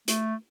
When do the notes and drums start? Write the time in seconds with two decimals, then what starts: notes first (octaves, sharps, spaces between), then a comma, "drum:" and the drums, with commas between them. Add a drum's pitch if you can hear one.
0.08 A3, drum: hi-hat